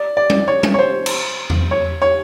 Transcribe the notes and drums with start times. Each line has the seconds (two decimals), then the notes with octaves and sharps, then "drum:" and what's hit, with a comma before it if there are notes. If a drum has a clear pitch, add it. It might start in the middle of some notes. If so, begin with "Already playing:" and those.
Already playing: D5
0.17 D5
0.30 drum: tom G3
0.48 C#5
0.63 drum: tom G3
0.74 C#5
0.79 C5
1.06 drum: cymbal
1.50 drum: tom E2
1.71 C#5
2.02 C#5